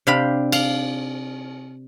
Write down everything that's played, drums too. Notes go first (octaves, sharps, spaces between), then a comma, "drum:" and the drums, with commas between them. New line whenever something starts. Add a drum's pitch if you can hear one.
C3 D4 F5 G5 B5
F5, drum: cymbal